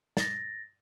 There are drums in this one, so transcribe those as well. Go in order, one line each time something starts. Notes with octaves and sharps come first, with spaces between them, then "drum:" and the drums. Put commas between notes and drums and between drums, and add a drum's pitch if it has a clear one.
A6 A#6, drum: snare